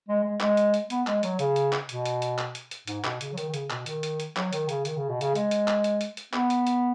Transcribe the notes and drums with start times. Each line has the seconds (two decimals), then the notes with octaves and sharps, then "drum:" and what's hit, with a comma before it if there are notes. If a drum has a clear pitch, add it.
0.08 G#3
0.24 G#3
0.40 G#3, drum: clap
0.57 drum: hi-hat
0.74 drum: hi-hat
0.90 B3, drum: hi-hat
1.07 G#3, drum: clap
1.23 F#3, drum: hi-hat
1.39 C#3, drum: hi-hat
1.56 drum: hi-hat
1.73 drum: clap
1.89 B2, drum: hi-hat
2.06 drum: hi-hat
2.22 drum: hi-hat
2.38 drum: clap
2.55 drum: hi-hat
2.71 drum: hi-hat
2.87 G#2, drum: hi-hat
3.04 B2, drum: clap
3.21 C#3, drum: hi-hat
3.33 F#3
3.38 D#3, drum: hi-hat
3.49 D#3
3.54 C#3, drum: hi-hat
3.70 B2, drum: clap
3.86 D#3, drum: hi-hat
4.03 drum: hi-hat
4.20 drum: hi-hat
4.36 F#3, drum: clap
4.53 D#3, drum: hi-hat
4.69 C#3, drum: hi-hat
4.85 D#3, drum: hi-hat
4.97 C#3
5.09 B2
5.21 C#3, drum: hi-hat
5.35 G#3, drum: hi-hat
5.51 drum: hi-hat
5.68 drum: clap
5.84 drum: hi-hat
6.01 drum: hi-hat
6.17 drum: hi-hat
6.33 B3, drum: clap
6.50 drum: hi-hat
6.67 drum: hi-hat